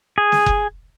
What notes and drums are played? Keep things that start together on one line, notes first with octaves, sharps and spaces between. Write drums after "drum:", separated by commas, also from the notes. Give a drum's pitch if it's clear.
G#4
drum: snare
drum: kick F#1